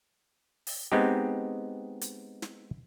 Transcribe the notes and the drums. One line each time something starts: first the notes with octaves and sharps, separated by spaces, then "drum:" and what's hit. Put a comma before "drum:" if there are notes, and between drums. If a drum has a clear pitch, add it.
drum: open hi-hat
G#3 B3 C4 D#4 G4
drum: hi-hat
drum: snare